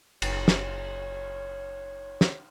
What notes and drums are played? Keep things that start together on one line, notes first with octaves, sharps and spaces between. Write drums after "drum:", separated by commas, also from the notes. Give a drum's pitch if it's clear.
F#1 C#5, drum: cymbal
drum: snare
drum: snare